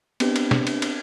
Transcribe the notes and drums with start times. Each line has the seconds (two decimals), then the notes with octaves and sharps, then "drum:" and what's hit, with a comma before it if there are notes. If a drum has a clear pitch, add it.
0.20 B3 C4 D4 G4 B4, drum: cymbal
0.36 drum: cymbal
0.51 drum: snare
0.67 drum: cymbal
0.82 drum: cymbal